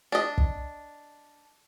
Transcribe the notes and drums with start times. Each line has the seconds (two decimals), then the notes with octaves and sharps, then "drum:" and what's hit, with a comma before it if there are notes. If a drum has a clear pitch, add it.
0.12 D4 D#5
0.38 drum: kick